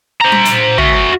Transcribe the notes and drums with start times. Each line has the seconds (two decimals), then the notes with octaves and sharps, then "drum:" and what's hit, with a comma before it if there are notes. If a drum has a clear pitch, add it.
0.21 C5 A#5
0.32 drum: tom G3
0.45 drum: hi-hat
0.78 F#4 E5, drum: tom